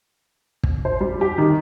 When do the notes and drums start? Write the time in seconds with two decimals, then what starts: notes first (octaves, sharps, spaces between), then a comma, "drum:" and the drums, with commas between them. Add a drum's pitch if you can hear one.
0.63 drum: kick
0.85 C5
1.01 G3
1.21 G4
1.38 D#3